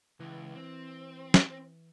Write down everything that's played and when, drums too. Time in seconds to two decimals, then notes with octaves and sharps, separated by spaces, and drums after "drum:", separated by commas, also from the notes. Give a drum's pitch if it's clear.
0.20 C#2 E3
0.55 C4
1.34 drum: snare